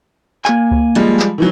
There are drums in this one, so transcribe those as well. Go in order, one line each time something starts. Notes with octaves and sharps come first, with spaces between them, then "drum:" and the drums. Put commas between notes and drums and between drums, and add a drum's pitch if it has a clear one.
A#3 G#5, drum: clap
drum: kick C#2
F3 G3 G#3, drum: hi-hat
drum: clap
D#3 E3 F#3